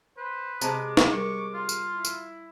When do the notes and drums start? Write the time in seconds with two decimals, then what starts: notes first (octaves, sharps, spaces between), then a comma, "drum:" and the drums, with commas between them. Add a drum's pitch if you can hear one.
0.18 B4 C5
0.62 C3 G#3 C5 A5 A#5 D6, drum: tambourine
0.97 drum: snare
1.12 G3 A#4 C#6
1.54 F4
1.69 drum: tambourine
1.94 E4
2.05 drum: tambourine